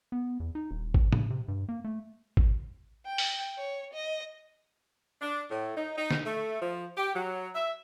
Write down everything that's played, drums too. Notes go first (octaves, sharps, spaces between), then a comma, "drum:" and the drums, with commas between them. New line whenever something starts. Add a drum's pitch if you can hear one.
B3
E2
D#4
D#1
drum: kick G#1
C#3, drum: tom A2
C3
G2
A#3
A3
drum: kick G#1
G5
drum: open hi-hat
C#5
D#5
D4
A2
D#4
D#4
drum: snare
A3
F3
G4
F#3
E5